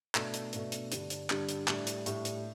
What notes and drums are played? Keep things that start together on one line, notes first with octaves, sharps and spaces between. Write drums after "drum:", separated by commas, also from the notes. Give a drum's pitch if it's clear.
B2 A3 D4, drum: clap
drum: hi-hat
B2 A3 D4, drum: hi-hat
drum: hi-hat
G2 D3 G3 D4, drum: hi-hat
drum: hi-hat
G2 D3 G3 D4, drum: clap
drum: hi-hat
A2 G3 D4, drum: clap
drum: hi-hat
A2 G3 D4, drum: hi-hat
drum: hi-hat